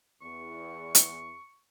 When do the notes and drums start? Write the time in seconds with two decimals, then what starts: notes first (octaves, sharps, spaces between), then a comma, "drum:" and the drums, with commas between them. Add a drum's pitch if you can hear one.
0.22 E2 C#6
0.95 drum: hi-hat